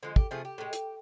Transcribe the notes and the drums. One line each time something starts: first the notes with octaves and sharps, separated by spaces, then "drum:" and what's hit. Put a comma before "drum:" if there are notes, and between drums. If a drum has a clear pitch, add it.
D3 F3 G#3
G4, drum: kick
C3 F3 A3 G#4
G4
A2 F3 G#3
drum: hi-hat